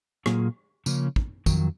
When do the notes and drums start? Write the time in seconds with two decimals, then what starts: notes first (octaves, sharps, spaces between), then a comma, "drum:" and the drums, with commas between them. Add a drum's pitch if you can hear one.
0.26 A#2 F#3 A#3 F4 G#4, drum: rim click
0.86 C#3 F3 A#3 C#4, drum: tambourine
1.16 drum: kick
1.46 F2 D#3 F#3, drum: kick, tambourine